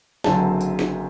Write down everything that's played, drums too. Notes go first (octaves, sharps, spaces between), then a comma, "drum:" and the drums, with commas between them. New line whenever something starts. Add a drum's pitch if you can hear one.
F#1 F#2 D3 F#3 C4 A5, drum: snare
drum: hi-hat
drum: snare